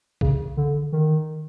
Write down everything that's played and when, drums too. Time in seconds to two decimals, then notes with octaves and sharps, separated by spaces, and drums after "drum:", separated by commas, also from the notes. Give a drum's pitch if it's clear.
0.21 C#3, drum: kick B1
0.57 D3
0.92 D#3